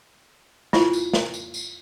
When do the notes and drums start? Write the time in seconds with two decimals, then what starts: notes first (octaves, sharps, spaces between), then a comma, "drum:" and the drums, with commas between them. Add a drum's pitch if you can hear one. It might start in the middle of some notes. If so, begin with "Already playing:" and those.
0.73 E4 F4, drum: snare
0.93 drum: tambourine
1.13 drum: snare
1.34 drum: tambourine
1.54 drum: tambourine